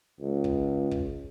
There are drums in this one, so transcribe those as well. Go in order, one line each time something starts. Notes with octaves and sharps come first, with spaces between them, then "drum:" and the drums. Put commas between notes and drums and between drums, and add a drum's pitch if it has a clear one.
C#2
drum: kick
drum: kick